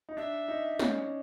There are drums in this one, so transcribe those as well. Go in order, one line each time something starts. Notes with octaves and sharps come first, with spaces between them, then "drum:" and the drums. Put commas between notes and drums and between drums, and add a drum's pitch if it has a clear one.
D#4
D4 E5
D#4
C#4, drum: snare